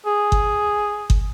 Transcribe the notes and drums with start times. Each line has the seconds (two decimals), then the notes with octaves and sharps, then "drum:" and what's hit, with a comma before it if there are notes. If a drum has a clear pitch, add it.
0.06 G#4
0.32 drum: kick G1
1.10 drum: kick G1